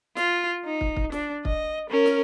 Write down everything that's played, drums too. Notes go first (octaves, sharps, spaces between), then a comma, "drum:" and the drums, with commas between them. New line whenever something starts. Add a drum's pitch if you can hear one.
F4, drum: snare
D#4
drum: kick
drum: kick
D4, drum: snare
D#5, drum: kick
C#4 A#4
drum: snare